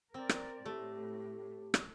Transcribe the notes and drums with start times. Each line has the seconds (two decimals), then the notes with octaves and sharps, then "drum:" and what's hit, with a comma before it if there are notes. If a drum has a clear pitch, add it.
0.14 C4 A#4 D5
0.29 drum: rim click
0.66 A2 A3 G4
1.74 drum: rim click